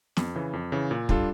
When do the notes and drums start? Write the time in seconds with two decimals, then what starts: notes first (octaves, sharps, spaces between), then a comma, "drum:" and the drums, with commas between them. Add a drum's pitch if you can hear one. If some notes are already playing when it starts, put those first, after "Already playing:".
0.17 F2, drum: snare
0.35 C#3 E3
0.53 F2
0.72 C#3 E3
0.91 A#2
1.09 G3 D4 F4 A4, drum: kick